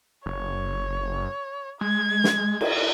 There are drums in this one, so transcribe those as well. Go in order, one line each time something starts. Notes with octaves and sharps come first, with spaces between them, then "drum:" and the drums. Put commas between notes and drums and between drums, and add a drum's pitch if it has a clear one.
F#1 C#5
G#3 G#6
drum: snare
drum: cymbal